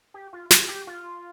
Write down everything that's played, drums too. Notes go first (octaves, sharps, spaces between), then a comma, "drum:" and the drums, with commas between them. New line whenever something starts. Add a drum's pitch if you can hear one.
G4
F4
G#4, drum: snare
G4
F4